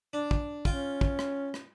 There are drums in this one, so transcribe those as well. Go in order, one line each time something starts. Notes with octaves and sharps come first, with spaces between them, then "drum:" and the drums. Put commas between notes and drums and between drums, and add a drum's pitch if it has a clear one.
D4
drum: kick
C#4 F4 G5, drum: kick
drum: kick
drum: rim click
drum: rim click